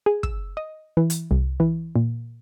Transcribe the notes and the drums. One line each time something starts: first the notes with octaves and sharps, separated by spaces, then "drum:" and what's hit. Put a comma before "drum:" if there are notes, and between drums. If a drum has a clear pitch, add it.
G#4
E6, drum: kick
D#5
E3
drum: hi-hat
C2
E3
A#2